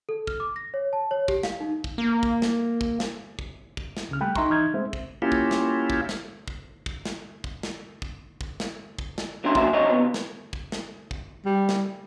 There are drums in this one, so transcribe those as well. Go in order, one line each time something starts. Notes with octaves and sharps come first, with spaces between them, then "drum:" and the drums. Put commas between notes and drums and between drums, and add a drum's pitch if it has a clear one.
A4
F6, drum: kick
D6
A#6
C#5
A5
C#5
G4, drum: kick
F5, drum: snare
D#4
drum: kick
A#3
drum: kick
drum: snare
drum: kick
drum: snare
drum: kick
drum: kick
drum: snare
C#2 C#3 F6
G3 A3 G5 B5 F#6
D#4 E5 A#5 C6 C#6, drum: kick
E3 D#4 D#6 F6 G6 G#6
G#3 A3 C4 C5 E5
drum: kick
A#3 C#4 E4 F4 G4
drum: kick
drum: snare
drum: kick
drum: snare
drum: kick
drum: kick
drum: snare
drum: kick
drum: snare
drum: kick
drum: kick
drum: snare
drum: kick
drum: snare
D3 F#3 C#4 D4 E4 C6
F#3 A#3 D4 F#4 E5, drum: kick
C#2 C3 F#3 D4 C#5 D#5
C#2 C3 B3
drum: snare
drum: kick
drum: snare
drum: kick
G3
drum: snare